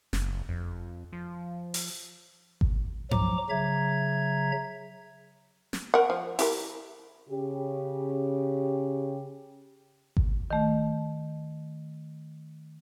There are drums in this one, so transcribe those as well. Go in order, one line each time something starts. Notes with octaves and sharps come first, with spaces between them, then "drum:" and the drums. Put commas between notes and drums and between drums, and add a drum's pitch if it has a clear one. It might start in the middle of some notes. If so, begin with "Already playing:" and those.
F#1, drum: snare
F2
F3
drum: open hi-hat
drum: kick G#1
F3 F#3 A#5 D6, drum: tom G2
C#3 F#3 E5 A#5 G#6
drum: snare
A#4 F#5
F3
E4 G4 A#4, drum: open hi-hat
C#3 G4
drum: kick G#1
D#3 A3